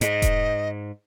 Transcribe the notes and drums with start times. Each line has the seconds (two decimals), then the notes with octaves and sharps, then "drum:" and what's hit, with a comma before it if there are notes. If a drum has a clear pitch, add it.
0.01 G#2 D#5, drum: hi-hat
0.22 drum: kick E1, hi-hat